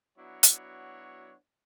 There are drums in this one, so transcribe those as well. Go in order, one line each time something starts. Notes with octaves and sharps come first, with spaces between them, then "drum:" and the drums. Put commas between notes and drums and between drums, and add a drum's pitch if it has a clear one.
F#3 B3 D4 E4 F#4 C#5
drum: hi-hat